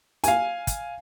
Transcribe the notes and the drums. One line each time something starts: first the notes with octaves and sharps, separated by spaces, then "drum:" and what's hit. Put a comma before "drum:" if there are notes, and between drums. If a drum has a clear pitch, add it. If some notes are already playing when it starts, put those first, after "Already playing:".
F5 G#5, drum: hi-hat
drum: kick, hi-hat